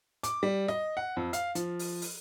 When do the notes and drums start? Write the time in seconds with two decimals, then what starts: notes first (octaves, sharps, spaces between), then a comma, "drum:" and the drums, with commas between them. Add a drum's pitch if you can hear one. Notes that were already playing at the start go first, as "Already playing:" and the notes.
0.23 D6, drum: hi-hat
0.43 G3
0.68 D#5, drum: snare
0.97 F#5
1.17 F2
1.33 F5, drum: hi-hat
1.55 F3, drum: hi-hat
1.79 drum: open hi-hat
2.02 drum: open hi-hat